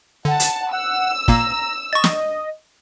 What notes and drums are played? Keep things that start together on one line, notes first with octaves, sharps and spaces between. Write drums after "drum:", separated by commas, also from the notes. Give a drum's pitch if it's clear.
D3 F#5 A5
drum: hi-hat
F#5 E6
A#2 A#3 A#5, drum: kick
D#5 C#6 A6
drum: snare